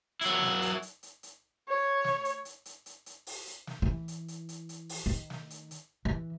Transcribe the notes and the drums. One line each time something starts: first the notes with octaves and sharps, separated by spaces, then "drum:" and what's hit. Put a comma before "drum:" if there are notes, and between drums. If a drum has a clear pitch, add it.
F#3 E4, drum: hi-hat
drum: snare
drum: hi-hat
drum: hi-hat
drum: hi-hat
drum: hi-hat
C#5
drum: snare
drum: hi-hat
drum: hi-hat
drum: hi-hat
drum: hi-hat
drum: hi-hat
drum: open hi-hat
drum: hi-hat
drum: snare
E3
drum: hi-hat
drum: hi-hat
drum: hi-hat
drum: hi-hat
drum: open hi-hat
D#3
drum: snare
drum: hi-hat
drum: hi-hat
E3